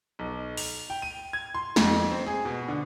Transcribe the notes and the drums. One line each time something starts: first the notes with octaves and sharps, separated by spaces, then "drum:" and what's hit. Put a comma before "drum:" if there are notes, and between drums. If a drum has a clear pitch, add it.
B1
F7, drum: open hi-hat
G5
D#7
G#6
C6
F2, drum: snare
C4
G#4
B2
D3